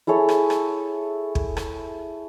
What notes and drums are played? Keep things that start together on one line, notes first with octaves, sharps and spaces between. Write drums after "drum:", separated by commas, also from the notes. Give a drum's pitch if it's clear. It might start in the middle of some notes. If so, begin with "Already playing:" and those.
E4 G#4 A4 C#5
drum: rim click
drum: rim click
drum: kick
drum: rim click